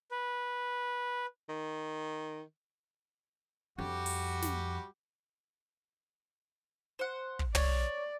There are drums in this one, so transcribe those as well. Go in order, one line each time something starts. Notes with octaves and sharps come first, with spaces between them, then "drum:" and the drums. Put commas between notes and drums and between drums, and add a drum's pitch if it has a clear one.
B4
D#3
F2 G3 D4 F#4 G4
drum: open hi-hat
drum: snare
C5 F#5
drum: kick
C#5 D5, drum: tom